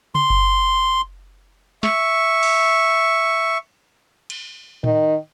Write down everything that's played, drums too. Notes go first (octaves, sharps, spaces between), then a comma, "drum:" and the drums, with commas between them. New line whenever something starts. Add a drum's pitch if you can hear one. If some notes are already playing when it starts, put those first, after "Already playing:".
C6, drum: tom C#3
drum: kick F#1
E5 C#6, drum: snare
drum: cymbal
drum: cymbal
D#3, drum: tom A2